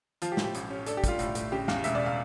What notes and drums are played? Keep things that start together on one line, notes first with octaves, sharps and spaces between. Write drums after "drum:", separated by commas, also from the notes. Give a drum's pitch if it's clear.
F3 F4, drum: hi-hat
G4
A2, drum: snare
G4
A1, drum: hi-hat
C#4
D4 A4, drum: hi-hat
G4
G3 F4, drum: kick, hi-hat
A2, drum: hi-hat
A2, drum: hi-hat
C#3 G4
E2 F5, drum: snare
E1 E5, drum: hi-hat
D5
F5